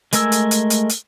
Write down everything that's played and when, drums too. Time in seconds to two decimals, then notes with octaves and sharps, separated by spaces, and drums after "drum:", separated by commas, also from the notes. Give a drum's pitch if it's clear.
0.13 G#3 A3 A#4 G#5 E6, drum: hi-hat
0.32 drum: hi-hat
0.51 drum: hi-hat
0.70 drum: hi-hat
0.90 drum: hi-hat